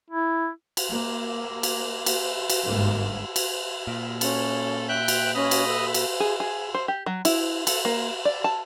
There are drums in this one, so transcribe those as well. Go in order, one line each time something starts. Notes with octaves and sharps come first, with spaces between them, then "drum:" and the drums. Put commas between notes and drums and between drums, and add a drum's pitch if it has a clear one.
E4
drum: cymbal
A#3
drum: cymbal
drum: cymbal
drum: cymbal
G1 G#2 A#3
drum: cymbal
A#2
C#4 A4, drum: cymbal
E5 G5 F#6
drum: cymbal
C#4 B4 D#5
drum: cymbal
A4
drum: cymbal
G#4
G#4
C5
G4
F#3
E4, drum: cymbal
A4, drum: cymbal
A#3
D5
A5